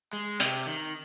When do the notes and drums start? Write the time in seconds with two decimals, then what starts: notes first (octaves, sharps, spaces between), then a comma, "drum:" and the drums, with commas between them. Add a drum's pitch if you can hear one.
0.13 G#3
0.40 C3, drum: hi-hat
0.67 D#3